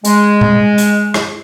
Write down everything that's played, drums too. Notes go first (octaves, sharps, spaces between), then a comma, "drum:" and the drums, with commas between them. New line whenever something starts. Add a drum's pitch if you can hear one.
G#3, drum: hi-hat
drum: tom B2
drum: hi-hat
drum: rim click